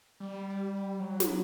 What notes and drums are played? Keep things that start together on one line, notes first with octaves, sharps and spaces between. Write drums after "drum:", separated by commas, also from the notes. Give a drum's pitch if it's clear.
G3
F#3
drum: snare